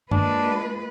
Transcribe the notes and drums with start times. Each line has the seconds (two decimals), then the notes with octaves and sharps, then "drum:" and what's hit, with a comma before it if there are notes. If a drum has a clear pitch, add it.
0.11 G#3 A#3 D4 F4 B4, drum: tom G2